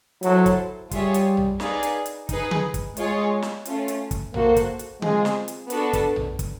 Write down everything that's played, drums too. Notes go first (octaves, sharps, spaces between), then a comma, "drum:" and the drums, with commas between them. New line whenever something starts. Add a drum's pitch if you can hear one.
F#3 E4 A4 C5, drum: hi-hat
drum: kick, hi-hat
G3 F4 G#4 C#5 E5, drum: kick, hi-hat
drum: hi-hat
drum: tom A#1
D#4 G#4 B4 D5 F5, drum: snare
drum: hi-hat
drum: hi-hat
D#4 G#4 B4, drum: kick, hi-hat
drum: tom D3
drum: kick, hi-hat
G#3 F4 G#4 C#5, drum: hi-hat
drum: snare
A3 C#4 F4, drum: hi-hat
drum: hi-hat
drum: kick, hi-hat
A#3 F#4 A4 C5, drum: tom A#1
drum: kick, hi-hat
drum: hi-hat
G#3 C4 F4 G#4, drum: tom D3
drum: snare
drum: hi-hat
B3 D4 F#4 A4, drum: hi-hat
drum: kick, hi-hat
drum: tom A#1
drum: kick, hi-hat